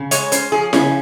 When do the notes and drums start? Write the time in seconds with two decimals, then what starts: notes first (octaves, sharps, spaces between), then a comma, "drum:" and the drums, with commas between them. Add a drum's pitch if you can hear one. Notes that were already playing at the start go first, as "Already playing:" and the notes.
Already playing: C#3
0.11 G#3 C#5, drum: hi-hat
0.32 C#4 C5, drum: hi-hat
0.52 F3 G#4
0.73 C#3 C#4, drum: snare E4